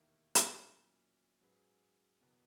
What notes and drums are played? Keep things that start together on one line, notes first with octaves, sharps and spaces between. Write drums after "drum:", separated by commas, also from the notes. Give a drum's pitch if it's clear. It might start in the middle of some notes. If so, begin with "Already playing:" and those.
Already playing: E1 D#2 D#3 A#3 E4
drum: hi-hat
A#2 F#3 C#4 E4 A#4
G#2 F#3 C#4 G#4 B4
F#1 E2 B2 F#3 B3